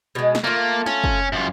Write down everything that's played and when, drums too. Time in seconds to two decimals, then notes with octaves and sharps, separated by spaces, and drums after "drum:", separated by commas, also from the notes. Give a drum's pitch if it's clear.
0.15 B2 G#3
0.35 drum: snare
0.44 A3 A#3 F4
0.86 C#4, drum: snare
1.04 drum: kick
1.33 F#2 F4